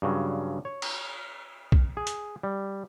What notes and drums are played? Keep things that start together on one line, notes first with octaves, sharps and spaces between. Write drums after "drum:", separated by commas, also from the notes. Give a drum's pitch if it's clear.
G2 C#3 F#3
C#5
drum: cymbal
drum: kick
G#4
drum: hi-hat
G3